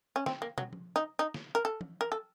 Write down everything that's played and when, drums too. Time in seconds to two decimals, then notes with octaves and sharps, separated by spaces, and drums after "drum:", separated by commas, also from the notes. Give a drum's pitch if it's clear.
0.16 C#4
0.26 C4, drum: snare
0.42 A#3
0.58 F#3, drum: tom
0.73 drum: tom F3
0.96 D#4
1.19 D#4
1.34 drum: snare
1.55 A#4
1.65 A4
1.81 drum: tom
2.01 A#4
2.12 A4